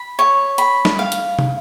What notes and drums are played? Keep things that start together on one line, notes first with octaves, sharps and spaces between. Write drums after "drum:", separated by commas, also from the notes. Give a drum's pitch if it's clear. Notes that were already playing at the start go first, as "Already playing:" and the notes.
Already playing: B5
C#5
B5, drum: hi-hat
drum: snare
F5
drum: hi-hat
drum: tom